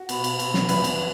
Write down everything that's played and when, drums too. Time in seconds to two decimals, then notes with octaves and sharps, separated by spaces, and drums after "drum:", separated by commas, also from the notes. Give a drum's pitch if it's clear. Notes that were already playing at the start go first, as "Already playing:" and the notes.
Already playing: F#4
0.09 B2 B3, drum: cymbal
0.24 drum: cymbal
0.39 B2 B3, drum: cymbal
0.54 drum: snare
0.69 E2 E3 B3 B4, drum: cymbal
0.84 drum: cymbal